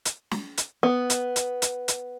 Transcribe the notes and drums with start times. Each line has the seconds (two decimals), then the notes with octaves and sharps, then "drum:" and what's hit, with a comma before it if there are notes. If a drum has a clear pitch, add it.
0.05 drum: hi-hat
0.31 drum: snare
0.58 drum: hi-hat
0.83 B3
1.10 drum: hi-hat
1.36 drum: hi-hat
1.62 drum: hi-hat
1.88 drum: hi-hat